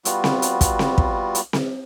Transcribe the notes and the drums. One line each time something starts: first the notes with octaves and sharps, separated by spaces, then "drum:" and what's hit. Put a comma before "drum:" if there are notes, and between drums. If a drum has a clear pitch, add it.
G3 B3 F4 F#4, drum: hi-hat
drum: snare C4
drum: hi-hat
drum: kick, hi-hat
drum: snare C4
drum: kick
drum: hi-hat
drum: snare C4